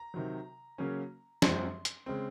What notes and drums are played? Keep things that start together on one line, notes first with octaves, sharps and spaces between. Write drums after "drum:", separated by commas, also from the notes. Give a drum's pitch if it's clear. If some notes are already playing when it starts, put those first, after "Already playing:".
Already playing: A#5
C3 D#3 F#3
C#3 F#3 A#3 C#4
F#2 F3 G#3 C4 C6, drum: snare
drum: hi-hat
C#3 G#3 C4